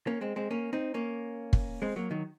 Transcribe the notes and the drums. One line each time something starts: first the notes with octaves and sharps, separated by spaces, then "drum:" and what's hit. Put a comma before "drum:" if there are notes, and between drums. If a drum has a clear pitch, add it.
A#3 C#4
G#3 C4
G#3 C4
A#3 C#4
C4 D#4
A#3 C#4
drum: kick
G#3 C4
F#3 A#3
D#3 F#3